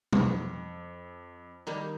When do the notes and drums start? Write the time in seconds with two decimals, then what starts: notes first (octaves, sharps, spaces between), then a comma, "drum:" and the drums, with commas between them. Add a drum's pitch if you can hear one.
0.13 F2, drum: tom
1.67 D#3 G3 A#3 D#4